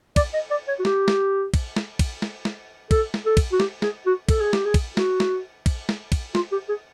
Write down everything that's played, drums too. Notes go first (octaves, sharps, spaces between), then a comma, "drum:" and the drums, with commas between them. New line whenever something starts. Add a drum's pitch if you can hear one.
D5, drum: kick, cymbal
D#5
D5
C#5
F#4
G4, drum: snare
drum: snare
drum: kick, cymbal
drum: snare
drum: kick, cymbal
drum: snare
drum: snare
A4, drum: kick, cymbal
drum: snare
A4
drum: kick, cymbal
F#4
G4, drum: snare
G#4, drum: snare
F#4
A4, drum: kick, cymbal
G#4
G4, drum: snare
G#4
drum: kick, cymbal
F#4, drum: snare
drum: snare
drum: kick, cymbal
drum: snare
drum: kick, cymbal
F4, drum: snare
G4
G#4